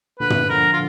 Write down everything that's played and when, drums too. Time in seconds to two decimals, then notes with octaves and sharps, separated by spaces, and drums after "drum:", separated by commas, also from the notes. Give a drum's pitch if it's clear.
0.20 A#2 D3 B4
0.30 drum: tom
0.49 D3 F3 A#4
0.73 F4